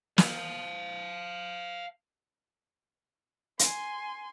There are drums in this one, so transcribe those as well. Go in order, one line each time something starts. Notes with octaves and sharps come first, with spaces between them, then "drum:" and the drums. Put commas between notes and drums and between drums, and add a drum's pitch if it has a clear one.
F5 A5, drum: snare
G#5 C6, drum: hi-hat